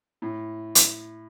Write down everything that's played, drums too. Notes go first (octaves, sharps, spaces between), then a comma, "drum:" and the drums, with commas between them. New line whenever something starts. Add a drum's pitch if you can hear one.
A2
drum: hi-hat